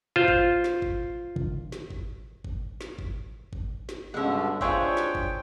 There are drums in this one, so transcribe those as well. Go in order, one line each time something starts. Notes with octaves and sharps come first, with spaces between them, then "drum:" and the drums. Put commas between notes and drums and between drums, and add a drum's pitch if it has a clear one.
F4 C5
drum: kick G1
drum: snare
drum: kick G1
drum: kick G1
drum: snare
drum: kick G1
drum: kick G1
drum: snare
drum: kick G1
drum: kick G1
drum: snare
G2 B2 D3 G#3 C#4 E5 F#5
D4 F4 G#4 C5 C#5 E5 G5, drum: kick G1
drum: snare
drum: kick G1